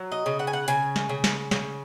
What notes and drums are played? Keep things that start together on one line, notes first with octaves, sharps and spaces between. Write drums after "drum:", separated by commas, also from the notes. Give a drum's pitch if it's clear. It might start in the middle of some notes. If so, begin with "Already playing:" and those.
Already playing: F#3
D#5
C#3
F#5
G#5
F#5
C#3 G#5, drum: hi-hat
drum: snare
C#3
drum: snare
C#3, drum: snare